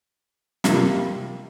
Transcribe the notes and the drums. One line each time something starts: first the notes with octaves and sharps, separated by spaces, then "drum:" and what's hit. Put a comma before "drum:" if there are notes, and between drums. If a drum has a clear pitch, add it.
C3 G3 A#3 F4, drum: snare